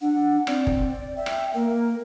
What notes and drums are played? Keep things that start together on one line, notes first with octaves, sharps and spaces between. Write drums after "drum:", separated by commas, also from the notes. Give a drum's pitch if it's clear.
D4 F#5
C4 D5, drum: rim click
drum: kick
E5 G5
drum: rim click
A#3 A#4